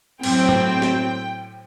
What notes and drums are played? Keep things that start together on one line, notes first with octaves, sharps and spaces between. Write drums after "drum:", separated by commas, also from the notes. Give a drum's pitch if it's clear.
A2 F#3 C4 G5, drum: cymbal
drum: tom G#2
drum: snare